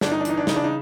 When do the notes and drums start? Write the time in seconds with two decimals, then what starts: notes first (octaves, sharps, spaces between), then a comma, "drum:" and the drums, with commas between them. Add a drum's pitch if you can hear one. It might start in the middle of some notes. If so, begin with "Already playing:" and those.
0.01 G1 D4, drum: snare
0.11 D#4
0.20 D4
0.25 E3 D#4, drum: hi-hat
0.37 D4
0.47 C#3 D#4, drum: snare
0.56 D4
0.64 D#4